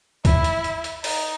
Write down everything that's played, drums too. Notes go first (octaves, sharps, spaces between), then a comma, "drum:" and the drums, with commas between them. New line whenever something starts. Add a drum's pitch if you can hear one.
E4, drum: kick, hi-hat
drum: hi-hat
drum: hi-hat
drum: hi-hat
D#4, drum: open hi-hat